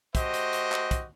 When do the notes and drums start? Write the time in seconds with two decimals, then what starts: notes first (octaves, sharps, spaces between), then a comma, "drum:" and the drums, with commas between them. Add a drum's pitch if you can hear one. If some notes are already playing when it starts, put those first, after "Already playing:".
0.15 A3 F#4 G4 C5 D#5, drum: kick, hi-hat
0.34 drum: hi-hat
0.53 drum: hi-hat
0.72 drum: clap
0.91 drum: kick, hi-hat